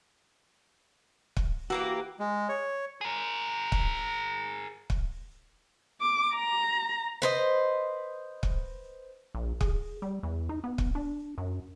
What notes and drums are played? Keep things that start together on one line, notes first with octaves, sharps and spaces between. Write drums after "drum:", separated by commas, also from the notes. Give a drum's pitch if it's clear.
drum: kick
E3 A#3 F#4 G4
G#3
C#5
G#4 A#4
drum: kick
drum: kick
D6
A#5
B4 C5 D#5
drum: kick
A#1
G#4, drum: kick
G3
E2
D#4
B3
drum: kick
D4
F#2